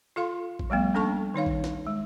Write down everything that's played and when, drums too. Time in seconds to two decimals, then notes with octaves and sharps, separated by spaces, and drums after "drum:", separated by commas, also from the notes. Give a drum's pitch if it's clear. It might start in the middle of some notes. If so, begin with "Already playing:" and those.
0.16 F4 A4 F5 C6
0.59 drum: kick A1
0.70 F3 G3 A3 B3
0.94 A#3 C#4 D4 A4 A5 C#6
1.34 D#3 D#4 C#5 F5
1.46 drum: kick A1
1.64 drum: snare
1.87 G#3